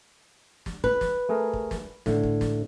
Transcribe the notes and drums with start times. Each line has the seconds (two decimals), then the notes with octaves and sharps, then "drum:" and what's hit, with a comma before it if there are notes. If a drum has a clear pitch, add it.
0.66 drum: snare
0.84 B4, drum: kick
1.01 drum: snare
1.29 A3 G#4 A#4
1.53 drum: kick
1.71 drum: snare
2.06 A2 D3, drum: snare
2.23 drum: kick
2.41 drum: snare